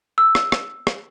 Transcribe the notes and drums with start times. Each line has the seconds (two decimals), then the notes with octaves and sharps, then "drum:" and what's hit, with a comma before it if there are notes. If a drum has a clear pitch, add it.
0.18 E6
0.35 drum: rim click
0.52 drum: rim click
0.87 drum: rim click